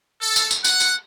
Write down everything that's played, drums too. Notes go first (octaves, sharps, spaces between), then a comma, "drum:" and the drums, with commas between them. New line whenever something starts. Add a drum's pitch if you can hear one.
A4
drum: tambourine
drum: tambourine
F#5, drum: tambourine
drum: tambourine